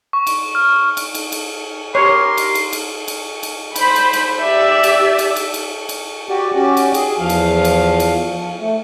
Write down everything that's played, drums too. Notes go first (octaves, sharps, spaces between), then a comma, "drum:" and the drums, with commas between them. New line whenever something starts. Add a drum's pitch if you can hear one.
C#6
drum: cymbal
F6
drum: cymbal
drum: cymbal
drum: cymbal
G4 A#4 C#5 C6
drum: cymbal
drum: cymbal
drum: cymbal
drum: cymbal
drum: cymbal
C5 B5, drum: cymbal
drum: cymbal
drum: cymbal
G4 D5 E5
drum: cymbal
drum: cymbal
drum: cymbal
drum: cymbal
drum: cymbal
F#4 G4 D5
C#4 F#4 G4 D5
drum: cymbal
G#4, drum: cymbal
E2 F3 F5
drum: cymbal
drum: cymbal
drum: cymbal
F3
A3